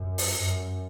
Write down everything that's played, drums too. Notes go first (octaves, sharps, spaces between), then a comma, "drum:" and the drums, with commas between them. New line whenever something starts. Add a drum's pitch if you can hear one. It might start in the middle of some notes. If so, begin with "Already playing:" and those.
Already playing: F#2
drum: open hi-hat
F#2